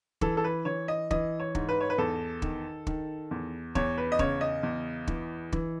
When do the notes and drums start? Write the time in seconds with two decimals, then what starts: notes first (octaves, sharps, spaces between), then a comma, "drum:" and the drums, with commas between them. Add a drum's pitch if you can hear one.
0.21 E3 A4, drum: kick
0.37 A4
0.44 B4
0.65 E3 C#5
0.88 D#5
1.11 E3 D#5, drum: kick
1.40 C#5
1.55 G#2, drum: kick
1.69 B4
1.80 C#5
1.90 B4
1.98 E2 A4
2.42 D#3, drum: kick
2.87 D#3, drum: kick
3.31 E2
3.75 E2 C#5, drum: kick
3.98 B4
4.12 D#5
4.19 C#3 C#5, drum: kick
4.41 D#5
4.63 E2
5.07 E3, drum: kick
5.52 E3, drum: kick